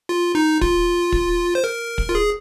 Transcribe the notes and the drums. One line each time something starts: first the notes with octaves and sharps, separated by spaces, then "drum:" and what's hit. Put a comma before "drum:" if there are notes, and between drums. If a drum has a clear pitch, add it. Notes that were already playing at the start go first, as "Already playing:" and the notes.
F4
D#4
F4, drum: kick
drum: kick
C5
A#4
drum: kick
F4
G#4